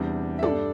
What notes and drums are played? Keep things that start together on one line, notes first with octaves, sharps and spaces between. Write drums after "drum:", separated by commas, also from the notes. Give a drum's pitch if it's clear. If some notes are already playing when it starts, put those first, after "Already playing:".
Already playing: E2 C3 G3 D4
E5
G2 G3 D4 A4 D5, drum: tom